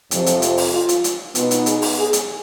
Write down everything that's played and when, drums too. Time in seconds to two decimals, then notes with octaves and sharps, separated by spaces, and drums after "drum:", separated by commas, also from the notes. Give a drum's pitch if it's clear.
0.11 F2 C3 F3, drum: hi-hat
0.26 drum: hi-hat
0.42 drum: hi-hat
0.57 drum: open hi-hat
0.73 F4
0.89 drum: hi-hat
1.04 drum: hi-hat
1.35 B2 B3 D#4 F4, drum: hi-hat
1.51 drum: hi-hat
1.66 G#4, drum: hi-hat
1.82 drum: open hi-hat
1.97 G#4
2.13 drum: hi-hat